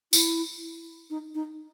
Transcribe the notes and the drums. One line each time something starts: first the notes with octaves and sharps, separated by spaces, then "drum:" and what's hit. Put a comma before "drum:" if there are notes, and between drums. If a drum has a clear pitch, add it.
E4, drum: tambourine
D#4
D#4